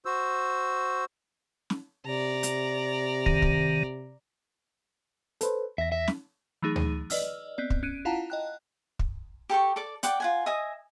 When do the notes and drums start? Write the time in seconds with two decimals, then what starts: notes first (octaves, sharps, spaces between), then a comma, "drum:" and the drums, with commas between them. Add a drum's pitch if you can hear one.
0.05 F#4 C5 E6
1.70 drum: snare
2.06 C3 D5 A#5
2.43 drum: hi-hat
3.26 D#3, drum: kick
3.42 drum: kick
5.41 A4 B4 C5, drum: hi-hat
5.78 E2 E5 A#6
5.92 E5
6.08 drum: snare
6.62 E3 F#3 A3 D#4 G#4 D#7
6.76 drum: tom D2
7.10 B4 D5 D#5 E6 F6, drum: open hi-hat
7.58 B3 C4 D5
7.70 drum: kick
7.83 C#4 F#6 D7 D#7
8.05 E4 F4 F5 F#5 A5 A#5
8.30 D#5 G5 F#6
8.99 drum: kick
9.49 G4 A4 G5 C#6
9.76 A4 D5 D6
10.03 D5 F#5 G5 D6, drum: hi-hat
10.20 F4 F#5 G#5
10.46 D#5 E5 G#5 D#6